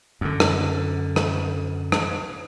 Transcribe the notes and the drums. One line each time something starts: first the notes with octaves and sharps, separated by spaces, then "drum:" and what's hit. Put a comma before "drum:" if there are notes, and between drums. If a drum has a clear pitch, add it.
F#2 D3
drum: rim click
drum: rim click
drum: rim click